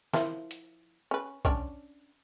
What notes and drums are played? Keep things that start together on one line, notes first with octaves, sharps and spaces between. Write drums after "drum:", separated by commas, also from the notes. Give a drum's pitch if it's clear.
F3 E4 A#4, drum: snare
drum: hi-hat
C#4 B4
C#4 D4 C#5, drum: kick B1